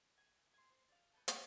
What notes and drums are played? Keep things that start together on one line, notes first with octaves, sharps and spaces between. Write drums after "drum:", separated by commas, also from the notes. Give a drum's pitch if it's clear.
G#5
G#5 C6
C5
D5 F5
B4 C#5 G5 A5
G6, drum: hi-hat